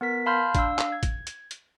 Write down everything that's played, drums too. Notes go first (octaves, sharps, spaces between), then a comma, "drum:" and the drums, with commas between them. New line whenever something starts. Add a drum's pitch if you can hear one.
B3 A#4 B6
F5 A5 B5 C6 F6 G6
D4 F5 E6, drum: kick, hi-hat
drum: clap
G#6
drum: kick, hi-hat
drum: hi-hat
drum: hi-hat